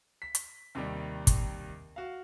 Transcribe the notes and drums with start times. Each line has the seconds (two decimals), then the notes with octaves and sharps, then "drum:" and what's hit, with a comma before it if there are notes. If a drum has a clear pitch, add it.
0.22 B6
0.35 drum: hi-hat
0.75 D#2 C3 D#3 G3
1.27 drum: kick, hi-hat
1.96 F#4 F5